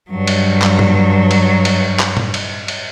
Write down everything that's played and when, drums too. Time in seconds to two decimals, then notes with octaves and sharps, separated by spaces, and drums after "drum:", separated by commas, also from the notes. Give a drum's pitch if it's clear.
0.10 G2 F#3
0.27 drum: cymbal
0.62 drum: clap
0.79 drum: tom G#2
1.31 drum: cymbal
1.65 drum: cymbal
2.00 drum: clap
2.17 drum: tom A2
2.34 drum: cymbal
2.68 drum: cymbal